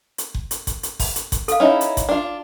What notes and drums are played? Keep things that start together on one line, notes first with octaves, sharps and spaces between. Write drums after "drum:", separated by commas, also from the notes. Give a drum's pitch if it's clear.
drum: hi-hat
drum: kick F#1
drum: hi-hat
drum: kick F#1, hi-hat
drum: hi-hat
drum: kick F#1, open hi-hat
drum: hi-hat
drum: kick F#1, hi-hat
A4 F5, drum: hi-hat
C#4 D#4 E4
drum: hi-hat
drum: kick F#1, hi-hat
D4 F4